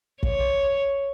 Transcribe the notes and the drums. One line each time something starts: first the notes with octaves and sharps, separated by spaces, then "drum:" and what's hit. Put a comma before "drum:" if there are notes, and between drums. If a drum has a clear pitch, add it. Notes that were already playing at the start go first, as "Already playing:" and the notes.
C#5, drum: kick